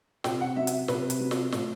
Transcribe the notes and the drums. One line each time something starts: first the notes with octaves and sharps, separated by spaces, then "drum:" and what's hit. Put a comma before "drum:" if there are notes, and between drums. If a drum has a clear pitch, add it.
C3 G5, drum: snare
F#5
F#3 E5
drum: hi-hat
C3 B4, drum: snare
drum: hi-hat
F#3
drum: snare
A2, drum: snare